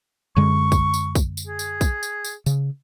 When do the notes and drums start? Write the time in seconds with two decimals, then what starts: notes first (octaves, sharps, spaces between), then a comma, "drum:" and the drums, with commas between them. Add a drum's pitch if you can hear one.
0.36 F#2 D3 G#3 C#6
0.72 drum: kick, tambourine
0.94 drum: tambourine
1.15 drum: kick, tambourine
1.37 drum: tambourine
1.47 G#4
1.59 drum: tambourine
1.81 drum: kick, tambourine
2.03 drum: tambourine
2.25 drum: tambourine
2.46 C#3, drum: tambourine